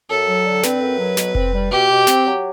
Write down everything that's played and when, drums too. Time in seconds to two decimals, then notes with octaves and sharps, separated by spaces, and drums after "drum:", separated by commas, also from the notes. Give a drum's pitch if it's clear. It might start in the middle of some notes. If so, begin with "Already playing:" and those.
0.09 F#2 A4
0.27 F#3
0.46 D3
0.63 C4 B4, drum: snare
0.81 F#2
0.99 F#3
1.17 B2, drum: snare
1.35 C4, drum: kick F1
1.53 G3
1.71 B2 G4
1.90 B2
2.07 C4, drum: snare
2.26 F#3